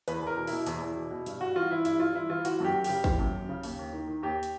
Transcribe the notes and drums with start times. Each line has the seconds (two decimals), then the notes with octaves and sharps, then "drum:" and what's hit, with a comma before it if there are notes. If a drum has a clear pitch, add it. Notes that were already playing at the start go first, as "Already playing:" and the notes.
0.08 E2 B4, drum: hi-hat
0.23 E2 A#4
0.37 B2
0.47 B2 E4, drum: open hi-hat
0.66 E2, drum: hi-hat
0.82 E2
0.96 B2
1.11 B2
1.26 G2, drum: hi-hat
1.41 G2 F#4
1.55 E3 F4
1.71 E3 E4
1.85 G2 E4, drum: hi-hat
2.00 G2 F4
2.15 E3 E4
2.30 E3 F4
2.45 E3 F#4, drum: hi-hat
2.60 F#2 G4
2.75 F#2
2.84 C#3 G4, drum: open hi-hat
3.04 E3, drum: kick
3.19 F#2
3.34 F#2
3.49 C#3
3.63 D#2, drum: open hi-hat
3.79 D#2
3.93 D#3
4.08 D#3
4.23 D#2 G4
4.43 drum: hi-hat